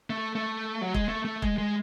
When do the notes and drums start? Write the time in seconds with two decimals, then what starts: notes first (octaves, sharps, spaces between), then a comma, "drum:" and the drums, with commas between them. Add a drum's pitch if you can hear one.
0.10 A3
0.35 A3
0.82 F#3
0.94 G#3, drum: kick
1.08 A3
1.25 A3
1.42 G#3, drum: kick
1.58 G#3